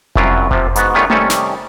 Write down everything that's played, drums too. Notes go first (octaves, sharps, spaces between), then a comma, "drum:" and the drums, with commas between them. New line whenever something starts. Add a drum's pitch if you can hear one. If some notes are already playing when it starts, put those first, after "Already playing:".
C2 F#2 F#3 E4 F4, drum: kick F1
C3 F3, drum: kick F1
G#2 B3 F#4, drum: hi-hat
D#3 G3 A3 B3 C#4 F4
C3 D#3 G3 C#4 A4, drum: tom A3
drum: snare